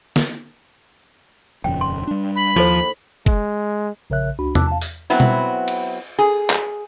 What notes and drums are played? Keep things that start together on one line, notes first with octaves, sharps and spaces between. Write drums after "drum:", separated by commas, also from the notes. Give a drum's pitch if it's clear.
drum: snare
D#1 F2 C#3 G5
C6
G3 D4
B5
D#2 F3 E4 A4 C5
G#3, drum: kick
A#1 C#3 A#4 C#5 E5 F#6
C#2 D4 F#4 B5
A5 D6 E6 F#6, drum: tom E2
F5 A5
drum: open hi-hat
F#3 B3 C4 E4
drum: tom B2
drum: cymbal
G#4
drum: clap